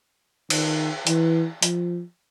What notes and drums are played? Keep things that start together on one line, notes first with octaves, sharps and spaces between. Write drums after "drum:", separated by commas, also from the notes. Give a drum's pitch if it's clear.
D#3, drum: cymbal
E3, drum: hi-hat
F3, drum: hi-hat